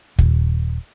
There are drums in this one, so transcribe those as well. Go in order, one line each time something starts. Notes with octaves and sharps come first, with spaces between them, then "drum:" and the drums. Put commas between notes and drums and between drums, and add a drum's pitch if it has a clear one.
D#1, drum: kick